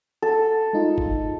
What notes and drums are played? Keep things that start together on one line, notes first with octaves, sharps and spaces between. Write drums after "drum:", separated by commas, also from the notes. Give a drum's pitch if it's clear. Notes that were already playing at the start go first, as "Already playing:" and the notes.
A4
G#3 D#4 F4
drum: kick G1